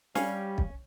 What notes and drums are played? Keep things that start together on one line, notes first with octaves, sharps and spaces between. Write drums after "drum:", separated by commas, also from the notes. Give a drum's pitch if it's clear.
G3 C#4 F5 G#5, drum: snare
drum: kick